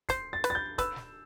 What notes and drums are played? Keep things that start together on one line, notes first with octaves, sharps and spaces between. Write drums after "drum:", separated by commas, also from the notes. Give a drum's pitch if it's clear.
C5 C7, drum: kick, hi-hat
A6
B4, drum: hi-hat
A6
G6
B4 E6, drum: kick, hi-hat
drum: snare